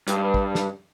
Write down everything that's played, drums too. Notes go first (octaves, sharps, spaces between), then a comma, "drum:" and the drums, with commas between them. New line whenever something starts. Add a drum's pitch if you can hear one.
G2, drum: hi-hat
drum: kick
drum: snare